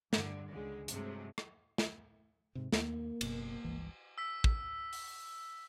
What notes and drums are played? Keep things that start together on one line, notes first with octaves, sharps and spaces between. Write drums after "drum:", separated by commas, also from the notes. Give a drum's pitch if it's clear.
G2 D3, drum: snare
C#2 D3 G#3
G2 C3 F#3 G#3 A3, drum: hi-hat
drum: rim click
drum: snare
G#2 C3
D#2 A#3, drum: snare
F#1 B2, drum: cymbal
G1 C#2 E3
E6 B6
drum: kick
drum: open hi-hat